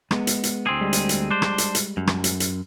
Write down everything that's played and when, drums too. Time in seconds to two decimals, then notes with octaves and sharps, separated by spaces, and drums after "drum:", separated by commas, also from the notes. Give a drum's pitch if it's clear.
0.11 G#3 B3, drum: rim click
0.27 drum: hi-hat
0.43 drum: hi-hat
0.67 D2 C4 G#4
0.81 G3 G#3
0.93 drum: hi-hat
1.09 drum: hi-hat
1.31 D4 C5
1.42 drum: rim click
1.58 drum: hi-hat
1.75 drum: hi-hat
1.97 F#2
2.07 drum: rim click
2.24 drum: hi-hat
2.40 drum: hi-hat